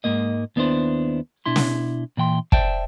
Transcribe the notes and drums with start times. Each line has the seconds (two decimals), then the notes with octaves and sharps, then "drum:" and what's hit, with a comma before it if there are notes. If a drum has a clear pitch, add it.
0.04 G#2 G#3 A#3 D#5
0.56 D#2 B3 D4 E4 C5
1.46 B2 D4 E4 C6
1.56 drum: snare
2.17 A#2 E3 G5 C6
2.52 C5 D5 E5 G5 A5, drum: kick